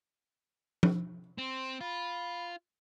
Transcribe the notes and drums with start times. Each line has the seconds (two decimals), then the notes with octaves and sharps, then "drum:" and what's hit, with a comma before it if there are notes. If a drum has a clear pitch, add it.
0.83 drum: tom F3
1.38 C4 C6
1.81 F4 B5